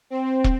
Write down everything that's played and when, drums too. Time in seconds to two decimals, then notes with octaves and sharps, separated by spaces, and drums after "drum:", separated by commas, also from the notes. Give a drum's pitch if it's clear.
0.10 C4
0.44 drum: kick